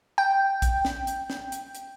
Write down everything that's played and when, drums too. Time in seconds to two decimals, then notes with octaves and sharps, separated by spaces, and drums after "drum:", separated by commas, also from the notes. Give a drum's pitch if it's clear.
0.18 G5
0.62 drum: kick A#1, hi-hat
0.85 drum: snare
1.07 drum: hi-hat
1.30 drum: snare
1.52 drum: hi-hat
1.75 drum: hi-hat